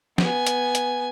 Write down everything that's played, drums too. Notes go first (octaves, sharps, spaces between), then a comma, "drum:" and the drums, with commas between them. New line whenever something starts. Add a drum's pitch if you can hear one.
B3 G#5, drum: snare
drum: hi-hat
drum: hi-hat